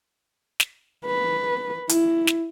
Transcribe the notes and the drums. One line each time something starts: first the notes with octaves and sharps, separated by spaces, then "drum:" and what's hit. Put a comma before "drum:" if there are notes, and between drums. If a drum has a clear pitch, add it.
drum: snare
B4
E4, drum: hi-hat
drum: snare